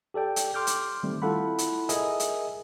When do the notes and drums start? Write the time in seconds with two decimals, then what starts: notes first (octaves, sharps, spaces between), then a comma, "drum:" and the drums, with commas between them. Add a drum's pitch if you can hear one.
0.14 G4 A4 D5 G5
0.36 drum: hi-hat
0.54 C6 D6 F6 G6
0.67 drum: hi-hat
1.03 D#3 G3 A3 C4
1.22 E4 F4 A4 F#5 B5
1.58 drum: hi-hat
1.89 G#4 A#4 D#5 E5 G#5 D#6, drum: hi-hat
2.20 drum: hi-hat